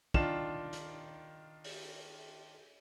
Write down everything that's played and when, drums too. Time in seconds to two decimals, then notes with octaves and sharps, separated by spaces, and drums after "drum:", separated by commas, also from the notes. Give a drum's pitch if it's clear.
0.14 D#3 D4 F4 E7, drum: kick
0.73 drum: hi-hat
1.64 drum: open hi-hat